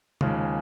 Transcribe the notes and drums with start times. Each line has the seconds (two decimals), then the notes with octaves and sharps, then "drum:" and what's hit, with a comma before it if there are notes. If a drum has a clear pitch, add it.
0.21 D#2 C#3 F3 G#3, drum: tom C3